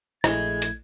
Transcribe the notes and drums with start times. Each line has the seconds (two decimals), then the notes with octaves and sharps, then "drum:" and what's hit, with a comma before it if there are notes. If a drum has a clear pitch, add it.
0.24 A#1 G#3 A3 E4 G#6, drum: rim click
0.62 drum: hi-hat